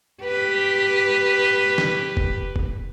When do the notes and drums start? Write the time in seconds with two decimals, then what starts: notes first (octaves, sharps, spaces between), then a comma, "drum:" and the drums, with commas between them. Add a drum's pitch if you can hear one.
0.23 G4 B4
1.78 drum: snare
2.17 drum: kick
2.56 drum: kick